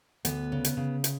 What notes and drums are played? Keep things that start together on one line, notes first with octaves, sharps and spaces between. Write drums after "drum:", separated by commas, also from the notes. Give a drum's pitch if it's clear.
D2 B3, drum: hi-hat
C#3
drum: hi-hat
C#3
drum: hi-hat